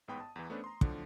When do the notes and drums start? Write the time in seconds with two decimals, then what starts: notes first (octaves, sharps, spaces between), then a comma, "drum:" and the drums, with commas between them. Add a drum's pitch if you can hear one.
0.08 A1 G#2 B3 G5 B5 D#6
0.20 A5
0.36 E2 E3
0.50 A3 B3 C#4 D4 B4 C5
0.64 A#5 C6
0.81 A2 D3 F3, drum: kick